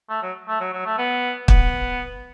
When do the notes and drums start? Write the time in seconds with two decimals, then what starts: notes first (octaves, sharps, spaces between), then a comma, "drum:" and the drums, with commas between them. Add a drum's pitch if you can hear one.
0.09 A3
0.23 F#3
0.48 A3
0.60 F#3
0.73 F#3
0.85 A3
0.98 B3
1.48 B3, drum: kick